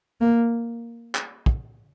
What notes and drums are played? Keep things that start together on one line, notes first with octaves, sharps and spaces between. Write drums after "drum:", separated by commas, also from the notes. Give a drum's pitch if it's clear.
A#3
drum: clap
drum: kick